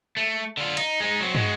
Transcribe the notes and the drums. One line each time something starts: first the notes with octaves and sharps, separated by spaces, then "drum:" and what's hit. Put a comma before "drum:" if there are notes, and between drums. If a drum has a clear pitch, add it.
A3
D3 F4
D#4, drum: cymbal
G#3 D#4
F#3 C4
G#3 F#4, drum: tom